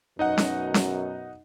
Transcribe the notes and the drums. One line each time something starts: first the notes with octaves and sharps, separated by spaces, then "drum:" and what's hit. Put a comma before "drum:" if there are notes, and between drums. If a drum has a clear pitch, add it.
F#2 B2 D#4 D#5 F#5
drum: snare C#4
drum: snare C#4